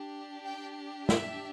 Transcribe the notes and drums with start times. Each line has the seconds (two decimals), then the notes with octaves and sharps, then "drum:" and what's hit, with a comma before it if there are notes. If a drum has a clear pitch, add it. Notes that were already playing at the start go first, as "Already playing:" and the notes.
Already playing: D4 G4
0.45 G5
1.09 E5, drum: snare